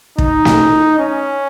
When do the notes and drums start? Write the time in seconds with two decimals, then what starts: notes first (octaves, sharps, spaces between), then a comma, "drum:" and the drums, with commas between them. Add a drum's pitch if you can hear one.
0.18 D#4, drum: kick
0.45 drum: snare
0.99 C#4